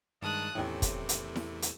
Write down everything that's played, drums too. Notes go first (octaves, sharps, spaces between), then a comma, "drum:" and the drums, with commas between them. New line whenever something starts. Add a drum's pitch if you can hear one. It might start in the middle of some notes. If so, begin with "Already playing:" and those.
G2 D#3 G#3 A5 D#6 F#6
E2 A2 C3 D#3 E3 A3 C#4
drum: kick, hi-hat
drum: hi-hat
drum: snare E4
drum: hi-hat